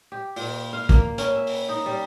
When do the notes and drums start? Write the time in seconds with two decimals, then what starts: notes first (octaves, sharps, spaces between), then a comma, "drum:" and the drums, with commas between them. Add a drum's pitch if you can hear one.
0.12 G4
0.36 A#2, drum: open hi-hat
0.73 F5
0.89 A#3, drum: kick, hi-hat
1.18 C#4, drum: hi-hat
1.35 E5
1.47 drum: open hi-hat
1.69 D#4
1.86 G3